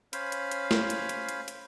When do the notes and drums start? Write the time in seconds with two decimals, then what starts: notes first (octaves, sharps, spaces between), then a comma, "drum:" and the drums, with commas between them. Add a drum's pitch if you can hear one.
0.13 C#4 C5 F5 B5, drum: hi-hat
0.32 drum: hi-hat
0.51 drum: hi-hat
0.71 drum: snare
0.90 drum: hi-hat
1.09 drum: hi-hat
1.29 drum: hi-hat
1.48 drum: hi-hat